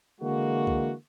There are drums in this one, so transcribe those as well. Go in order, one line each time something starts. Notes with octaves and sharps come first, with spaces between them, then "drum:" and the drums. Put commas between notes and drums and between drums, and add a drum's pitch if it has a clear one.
D3 E3 G#3 A#3 F#4
drum: kick